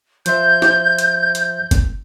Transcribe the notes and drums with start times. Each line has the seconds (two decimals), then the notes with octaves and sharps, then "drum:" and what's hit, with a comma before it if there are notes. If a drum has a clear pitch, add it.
0.26 F3 C5 E5 G6, drum: hi-hat
0.62 drum: snare
0.99 drum: hi-hat
1.35 drum: hi-hat
1.71 drum: kick F#1, hi-hat